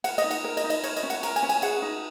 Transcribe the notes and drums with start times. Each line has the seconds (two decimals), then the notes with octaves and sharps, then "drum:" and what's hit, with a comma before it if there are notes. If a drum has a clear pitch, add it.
0.04 A#4 F#5, drum: cymbal
0.18 D#5, drum: cymbal
0.24 D#4
0.31 F#5, drum: cymbal
0.44 A#4 D#5
0.57 D#5, drum: cymbal
0.64 D#4
0.70 D#5, drum: cymbal
0.83 A#4 C#5, drum: cymbal
0.96 D#5, drum: cymbal
1.03 C#4
1.10 F#5, drum: cymbal
1.23 A#4 A#5, drum: cymbal
1.36 G#5, drum: cymbal
1.42 C#4
1.49 G#5, drum: cymbal
1.62 G#4 F#5, drum: cymbal
1.82 D#4